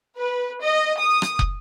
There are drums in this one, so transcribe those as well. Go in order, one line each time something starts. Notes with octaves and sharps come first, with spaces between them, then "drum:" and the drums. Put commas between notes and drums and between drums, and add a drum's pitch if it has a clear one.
B4
D#5
D#6
drum: rim click
drum: kick